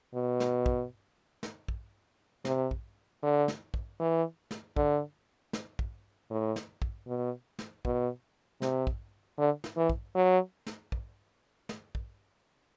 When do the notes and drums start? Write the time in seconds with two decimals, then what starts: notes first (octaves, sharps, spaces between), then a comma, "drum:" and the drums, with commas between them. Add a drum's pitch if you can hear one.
0.15 B2
0.40 drum: snare
0.66 drum: kick
1.43 drum: snare
1.68 drum: kick
2.45 C3, drum: snare
2.71 drum: kick
3.23 D3
3.48 drum: snare
3.74 drum: kick
4.00 E3
4.51 drum: snare
4.76 D3, drum: kick
5.53 drum: snare
5.79 drum: kick
6.30 A2
6.56 drum: snare
6.82 drum: kick
7.07 B2
7.59 drum: snare
7.85 B2, drum: kick
8.62 C3, drum: snare
8.87 drum: kick
9.38 D3
9.64 drum: snare
9.77 E3
9.90 drum: kick
10.15 F#3
10.67 drum: snare
10.92 drum: kick
11.69 drum: snare
11.95 drum: kick